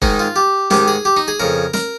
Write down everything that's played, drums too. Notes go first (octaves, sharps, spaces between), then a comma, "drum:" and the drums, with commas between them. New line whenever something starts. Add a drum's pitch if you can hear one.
G#2 D#3 D#4, drum: kick F1
F4
G4
G#2 D#3 G4, drum: snare
G#4
G4
D#4
G#4
F2 C#3 A#4
A#4, drum: snare